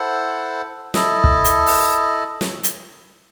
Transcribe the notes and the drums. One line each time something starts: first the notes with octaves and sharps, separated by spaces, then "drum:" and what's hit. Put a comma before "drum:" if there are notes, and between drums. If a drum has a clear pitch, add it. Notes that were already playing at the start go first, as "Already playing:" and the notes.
Already playing: E4 A4 C5 F#5
E4 A4 D#5, drum: snare
drum: kick
drum: hi-hat
drum: open hi-hat
drum: snare
drum: hi-hat